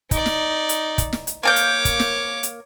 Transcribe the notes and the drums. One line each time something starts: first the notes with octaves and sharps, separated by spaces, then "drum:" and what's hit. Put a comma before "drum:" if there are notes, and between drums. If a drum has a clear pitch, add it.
D#4 D5, drum: kick, hi-hat
drum: snare
drum: hi-hat
drum: kick, hi-hat
drum: snare
drum: hi-hat
A#3 C#5 G#5 D6 G6
drum: hi-hat
drum: kick, hi-hat
drum: snare
drum: hi-hat